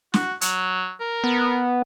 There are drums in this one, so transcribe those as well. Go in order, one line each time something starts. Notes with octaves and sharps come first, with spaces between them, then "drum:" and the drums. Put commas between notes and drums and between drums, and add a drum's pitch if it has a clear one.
F#4, drum: snare
F#3, drum: hi-hat
A#4
B3